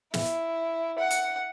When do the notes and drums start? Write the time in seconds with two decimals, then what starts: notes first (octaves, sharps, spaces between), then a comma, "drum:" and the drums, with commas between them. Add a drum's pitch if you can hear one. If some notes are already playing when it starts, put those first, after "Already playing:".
0.14 E4, drum: snare
0.99 F#5
1.11 drum: hi-hat